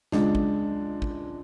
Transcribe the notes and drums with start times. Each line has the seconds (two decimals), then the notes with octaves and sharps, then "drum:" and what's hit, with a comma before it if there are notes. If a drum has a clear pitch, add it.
0.12 C#2 G#3 D4, drum: snare
0.35 drum: kick
1.02 drum: kick